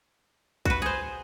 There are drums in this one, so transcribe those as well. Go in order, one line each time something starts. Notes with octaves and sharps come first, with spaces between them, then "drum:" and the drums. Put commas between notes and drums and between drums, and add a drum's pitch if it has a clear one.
F#4 B4, drum: kick
G#4 C5